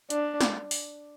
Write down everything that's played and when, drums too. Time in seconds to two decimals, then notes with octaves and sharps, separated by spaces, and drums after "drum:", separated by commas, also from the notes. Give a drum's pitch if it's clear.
0.10 D4, drum: hi-hat
0.41 drum: snare
0.71 drum: open hi-hat